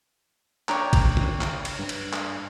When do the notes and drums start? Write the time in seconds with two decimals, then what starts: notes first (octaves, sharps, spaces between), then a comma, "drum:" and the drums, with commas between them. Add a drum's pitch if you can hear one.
0.69 D4 C#5 G5 A#5 C#6, drum: clap
0.93 drum: kick, cymbal
1.17 drum: tom C#3
1.41 drum: clap
1.65 drum: cymbal
1.79 G2
1.89 drum: cymbal
2.13 drum: clap